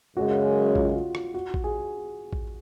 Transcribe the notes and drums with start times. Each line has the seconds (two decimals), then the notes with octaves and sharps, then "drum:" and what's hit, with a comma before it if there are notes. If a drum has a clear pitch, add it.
0.16 F#2 C#3 G#3 F#4
0.75 F4, drum: kick A1
0.85 F#4
0.94 F4
1.15 drum: rim click
1.34 F#4
1.54 drum: kick A1
1.64 G#4
2.33 drum: kick A1